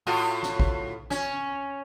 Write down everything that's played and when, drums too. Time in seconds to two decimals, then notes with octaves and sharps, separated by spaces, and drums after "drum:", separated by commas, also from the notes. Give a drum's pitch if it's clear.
0.07 A2 F4 F#4
0.43 drum: snare
0.60 drum: kick
1.10 C#4, drum: snare